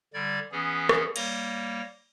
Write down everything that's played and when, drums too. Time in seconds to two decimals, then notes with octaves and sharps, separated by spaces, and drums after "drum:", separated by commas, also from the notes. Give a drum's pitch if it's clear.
0.14 D3 G3 D5 G#6
0.52 E3 B3 C#4 G#4
0.89 drum: rim click
1.16 G3 A#3 C#5 A#6, drum: cymbal